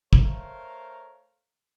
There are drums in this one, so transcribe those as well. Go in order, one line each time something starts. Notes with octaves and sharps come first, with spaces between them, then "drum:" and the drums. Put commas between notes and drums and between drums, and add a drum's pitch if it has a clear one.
A3 A#4 C5 C#5 F5, drum: kick